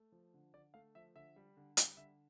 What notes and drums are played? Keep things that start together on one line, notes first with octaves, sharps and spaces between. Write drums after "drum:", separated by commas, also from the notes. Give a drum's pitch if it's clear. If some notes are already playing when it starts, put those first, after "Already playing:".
Already playing: A3
F3
D3
D3 D5
A3 F5
F3 E5
D3 E5
G3
D3
G3 F5, drum: hi-hat
D3 E5